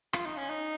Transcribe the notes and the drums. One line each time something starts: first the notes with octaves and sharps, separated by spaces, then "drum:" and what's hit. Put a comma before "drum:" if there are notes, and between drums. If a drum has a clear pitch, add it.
F4, drum: rim click
D#4
C#4
D#4